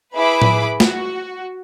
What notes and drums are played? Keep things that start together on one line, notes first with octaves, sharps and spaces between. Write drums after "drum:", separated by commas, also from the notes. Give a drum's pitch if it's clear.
E4 G#4 B4 B5 D6
drum: tom A2
F#4, drum: snare